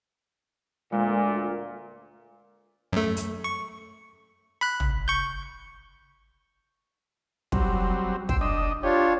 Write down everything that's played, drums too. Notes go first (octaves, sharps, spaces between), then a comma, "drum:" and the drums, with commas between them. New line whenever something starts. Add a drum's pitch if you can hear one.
D2 A#2 G#3
F#2 A3
drum: hi-hat
C#6
B5 F#6
drum: tom
C#6 G6
F#3 G3 C4, drum: kick
G5 C6 E6, drum: kick
D4 D#5 E6
D4 F4 G4 C#5